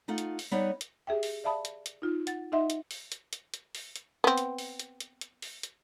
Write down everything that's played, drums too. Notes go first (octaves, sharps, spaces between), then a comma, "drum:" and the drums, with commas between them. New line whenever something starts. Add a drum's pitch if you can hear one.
A3 D#4 F4 F#5
drum: hi-hat
drum: open hi-hat
G3 B3 D#4 C#5 D#5 F#5
drum: hi-hat
G4 G#4 E5 G5
drum: open hi-hat
D5 E5 F5 A5 B5 D#6
drum: hi-hat
drum: hi-hat
D#4 F4
F#5 A6, drum: hi-hat
D#4 D#5 E5 F#5 C6
drum: hi-hat
drum: open hi-hat
drum: hi-hat
drum: hi-hat
drum: hi-hat
drum: open hi-hat
drum: hi-hat
B3 C4
drum: hi-hat
drum: open hi-hat
drum: hi-hat
drum: hi-hat
drum: hi-hat
drum: open hi-hat
drum: hi-hat